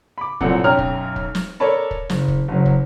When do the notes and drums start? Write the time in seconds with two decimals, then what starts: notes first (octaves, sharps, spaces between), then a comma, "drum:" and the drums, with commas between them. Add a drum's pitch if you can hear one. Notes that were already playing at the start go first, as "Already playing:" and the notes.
0.18 B5 D6
0.40 C2 A#2 F#3 C4 A4 F#5, drum: kick
0.64 B1 F#2 C#5 G5 A#5 F6
0.79 drum: kick
1.16 drum: kick
1.35 drum: snare
1.60 A4 A#4 C#5 D5 A5 B5
1.91 drum: kick
2.09 F#1, drum: snare
2.28 drum: kick
2.48 F#1 F#3
2.66 drum: kick